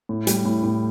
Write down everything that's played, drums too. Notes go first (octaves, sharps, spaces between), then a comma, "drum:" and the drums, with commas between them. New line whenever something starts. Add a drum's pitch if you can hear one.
A2
G3, drum: hi-hat
A2
A2